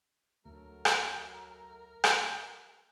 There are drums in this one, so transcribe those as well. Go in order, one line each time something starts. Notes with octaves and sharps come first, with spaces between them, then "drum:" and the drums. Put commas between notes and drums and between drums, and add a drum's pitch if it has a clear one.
D2 F#3 A3 A#4 A#5
drum: rim click
drum: rim click